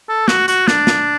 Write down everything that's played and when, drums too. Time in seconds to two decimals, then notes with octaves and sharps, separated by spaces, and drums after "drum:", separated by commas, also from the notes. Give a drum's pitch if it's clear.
0.09 A4
0.28 F#4, drum: snare
0.48 F#4, drum: hi-hat
0.68 D4, drum: snare
0.87 drum: snare